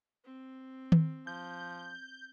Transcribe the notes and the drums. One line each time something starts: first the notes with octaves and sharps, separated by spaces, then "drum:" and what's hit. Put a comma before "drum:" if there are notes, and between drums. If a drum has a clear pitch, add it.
C4
drum: tom D#3
F3 G6